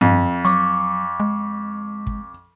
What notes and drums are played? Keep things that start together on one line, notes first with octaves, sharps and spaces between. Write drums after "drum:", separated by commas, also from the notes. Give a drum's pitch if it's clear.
F2, drum: tom
F#3 C#6 D6, drum: hi-hat
G#3
drum: kick